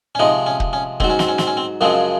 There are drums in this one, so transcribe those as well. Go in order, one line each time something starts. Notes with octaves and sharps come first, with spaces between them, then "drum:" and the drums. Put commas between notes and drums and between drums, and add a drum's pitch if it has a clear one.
C#4
C3 F3 G#3 D#4
C#4
drum: kick
C#4
G#2 F#3 C4, drum: kick
C#4
C4, drum: snare
C#4
C4, drum: snare
C#4
C4
F#2 C#3 F3 G#3 C4